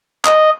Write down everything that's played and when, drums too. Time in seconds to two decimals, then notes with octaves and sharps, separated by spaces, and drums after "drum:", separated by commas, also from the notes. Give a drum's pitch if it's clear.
0.25 D#5, drum: clap